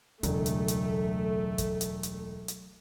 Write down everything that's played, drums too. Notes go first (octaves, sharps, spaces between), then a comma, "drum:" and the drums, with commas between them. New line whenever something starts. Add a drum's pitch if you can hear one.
E1 C#2 F#3 A3, drum: hi-hat
drum: hi-hat
drum: hi-hat
drum: kick, hi-hat
drum: hi-hat
drum: hi-hat
drum: hi-hat